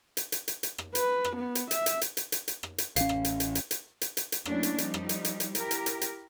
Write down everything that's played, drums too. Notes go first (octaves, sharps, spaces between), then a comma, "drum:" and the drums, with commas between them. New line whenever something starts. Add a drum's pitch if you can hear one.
drum: hi-hat
drum: hi-hat
drum: hi-hat
drum: hi-hat
drum: rim click
B4, drum: hi-hat
drum: rim click
B3
drum: hi-hat
E5, drum: hi-hat
drum: hi-hat
drum: hi-hat
drum: hi-hat
drum: hi-hat
drum: hi-hat
drum: rim click
drum: hi-hat
A1 C#4 F5, drum: hi-hat
drum: rim click
drum: hi-hat
drum: hi-hat
drum: hi-hat
drum: hi-hat
drum: hi-hat
drum: hi-hat
drum: hi-hat
F#3 A3 A#3 C#4 D4 E4, drum: rim click
drum: hi-hat
F3 G3 D#4, drum: hi-hat
drum: rim click
drum: hi-hat
drum: hi-hat
drum: hi-hat
E4 G4 A#4, drum: hi-hat
drum: hi-hat
drum: hi-hat
drum: hi-hat